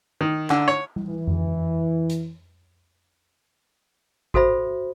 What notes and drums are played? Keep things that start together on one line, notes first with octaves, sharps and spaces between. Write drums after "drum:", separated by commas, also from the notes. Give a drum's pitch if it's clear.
D#3
D3, drum: clap
C#5
drum: tom G3
E3
drum: tom F2
drum: hi-hat
F#4 A4 C5 E5 B5, drum: kick A1